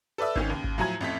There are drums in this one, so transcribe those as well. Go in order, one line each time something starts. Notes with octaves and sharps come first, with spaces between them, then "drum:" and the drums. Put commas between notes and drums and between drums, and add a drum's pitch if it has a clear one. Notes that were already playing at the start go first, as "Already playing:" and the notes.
A4 B4 D5 E5 E6
G#1 D#3 C#4, drum: kick G#1
D#2 C#3
drum: kick G#1
A2 F3 F#3 G#5 A#5 G#6
A1 F2 A3 B6